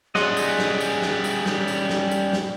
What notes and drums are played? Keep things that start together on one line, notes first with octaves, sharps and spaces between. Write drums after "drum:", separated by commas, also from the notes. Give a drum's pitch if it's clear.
G3 C#4 G#4 D#5 F#5 C6, drum: snare
drum: tambourine
drum: snare
drum: tambourine
drum: snare
drum: tambourine
drum: snare
drum: tambourine
drum: snare
drum: tambourine
drum: snare